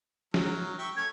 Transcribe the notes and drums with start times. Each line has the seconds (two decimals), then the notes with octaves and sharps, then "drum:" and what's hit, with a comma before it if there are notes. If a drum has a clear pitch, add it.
0.34 F#3 A#4, drum: snare
0.79 E5 G5 C#6
0.96 A3 C#4 G#6